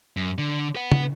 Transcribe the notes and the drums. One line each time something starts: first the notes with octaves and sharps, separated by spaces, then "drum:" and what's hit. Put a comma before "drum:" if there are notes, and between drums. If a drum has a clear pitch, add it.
F#2
D3
B4 F#5
drum: tom C#3